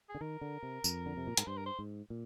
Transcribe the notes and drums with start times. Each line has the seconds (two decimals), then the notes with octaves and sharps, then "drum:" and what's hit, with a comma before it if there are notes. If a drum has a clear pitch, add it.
0.09 G#4
0.15 D3
0.21 D#3 A#4
0.41 D3
0.63 C3
0.84 F2, drum: tambourine
1.06 D3
1.17 C3
1.27 A#2
1.37 G#2, drum: hi-hat
1.47 G2 C5
1.57 A#4
1.66 C5
1.79 G#2
2.10 A#2